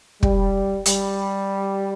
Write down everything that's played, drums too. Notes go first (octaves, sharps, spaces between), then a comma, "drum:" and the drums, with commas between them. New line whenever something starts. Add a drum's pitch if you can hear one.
G3, drum: kick
G3, drum: hi-hat